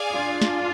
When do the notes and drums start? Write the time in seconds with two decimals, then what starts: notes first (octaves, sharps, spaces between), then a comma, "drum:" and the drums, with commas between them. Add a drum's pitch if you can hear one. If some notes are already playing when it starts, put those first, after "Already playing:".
Already playing: G#4 D5 F5 G#5
0.12 D4 F4
0.42 drum: snare